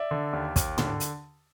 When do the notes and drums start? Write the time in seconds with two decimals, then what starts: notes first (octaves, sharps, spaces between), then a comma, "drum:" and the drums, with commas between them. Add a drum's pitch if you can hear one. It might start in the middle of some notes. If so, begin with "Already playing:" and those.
Already playing: D5 E5
0.11 D3
0.33 D#2
0.56 D#2, drum: kick, hi-hat
0.78 D3, drum: tom
1.00 drum: hi-hat